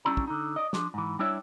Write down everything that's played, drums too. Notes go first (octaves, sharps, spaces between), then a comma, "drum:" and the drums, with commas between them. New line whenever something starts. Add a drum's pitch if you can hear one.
G3 C#4 D4 E4 A#5
drum: kick
D3 D#4
D5 D#5
F3 D4, drum: snare
G#2 E3
G3 D4 E4 C#5 D5 E5